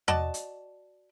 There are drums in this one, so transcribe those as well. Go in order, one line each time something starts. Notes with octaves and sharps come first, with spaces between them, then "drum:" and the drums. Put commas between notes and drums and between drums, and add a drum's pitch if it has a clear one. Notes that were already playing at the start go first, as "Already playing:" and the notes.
F#4 D5 D#5 A5, drum: tom E2
drum: hi-hat